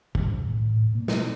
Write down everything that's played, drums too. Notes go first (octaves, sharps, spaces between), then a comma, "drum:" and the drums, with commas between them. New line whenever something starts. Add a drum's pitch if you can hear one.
E2 G2 C3 D#3, drum: kick
A2 E3
A2
B2 A#3
drum: snare
C4